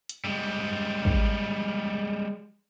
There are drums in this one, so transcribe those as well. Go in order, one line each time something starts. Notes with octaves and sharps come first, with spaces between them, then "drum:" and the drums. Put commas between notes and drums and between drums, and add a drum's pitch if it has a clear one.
drum: hi-hat
G3 G#3
drum: kick